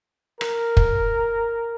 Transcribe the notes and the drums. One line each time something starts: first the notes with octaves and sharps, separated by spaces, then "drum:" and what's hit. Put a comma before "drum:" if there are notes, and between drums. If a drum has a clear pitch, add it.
A#4, drum: rim click
drum: kick